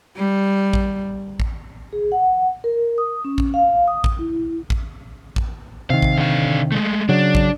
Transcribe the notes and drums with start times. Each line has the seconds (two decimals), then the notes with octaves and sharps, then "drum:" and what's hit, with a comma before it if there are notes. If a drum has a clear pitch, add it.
0.17 G3
0.73 drum: kick A1
1.40 drum: kick A1
1.93 G#4
2.12 F#5
2.64 A#4
2.98 D#6
3.25 C#4
3.38 drum: kick A1
3.54 F5
3.88 D#6
4.04 drum: kick A1
4.19 E4
4.70 drum: kick A1
5.36 drum: kick A1
5.90 C3 D#3 F5
6.02 drum: kick A1
6.18 D3 F5
6.72 G#3 A3
7.09 C#3 F#3 D4
7.35 drum: kick A1